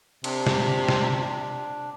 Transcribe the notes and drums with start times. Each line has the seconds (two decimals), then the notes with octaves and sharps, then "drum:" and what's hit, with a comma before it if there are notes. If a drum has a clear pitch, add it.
0.24 C3 D4, drum: cymbal
0.46 drum: snare
0.88 drum: snare